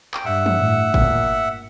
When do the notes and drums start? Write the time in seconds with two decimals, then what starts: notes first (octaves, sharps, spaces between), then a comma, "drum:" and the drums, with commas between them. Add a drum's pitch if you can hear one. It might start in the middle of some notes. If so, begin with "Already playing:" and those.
0.14 G5, drum: clap
0.25 G2 E5 F#5
0.46 drum: tom
0.59 A2
0.94 A#2, drum: kick